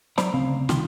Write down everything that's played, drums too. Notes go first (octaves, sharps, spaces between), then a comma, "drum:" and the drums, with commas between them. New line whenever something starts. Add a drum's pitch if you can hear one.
F#3 C5 D5 A#5 B5, drum: snare
D2 C#3 C4 F5
C2 D#3 F4 G5 C6, drum: snare